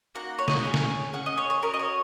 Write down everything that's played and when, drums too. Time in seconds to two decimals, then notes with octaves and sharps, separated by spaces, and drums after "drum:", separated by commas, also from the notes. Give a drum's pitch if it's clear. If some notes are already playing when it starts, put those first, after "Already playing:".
0.15 A#3 D#4 F#4 F#5
0.39 C#5
0.48 D#5, drum: snare
0.64 C#4 G#4 C#5
0.74 drum: snare
1.13 C#4 G#4 F#5
1.26 D#5
1.38 C#5
1.50 C#5
1.63 C#4 F#4 A#4
1.74 D#5
1.79 C#5